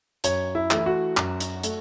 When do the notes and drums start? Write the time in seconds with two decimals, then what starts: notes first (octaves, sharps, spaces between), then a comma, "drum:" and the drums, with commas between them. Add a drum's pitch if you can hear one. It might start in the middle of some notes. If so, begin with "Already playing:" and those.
0.24 F#2 C#5, drum: hi-hat
0.55 E4
0.71 E3 A3, drum: clap
0.77 E4
0.86 F#4
1.17 F#2, drum: clap
1.40 drum: hi-hat
1.63 A3, drum: hi-hat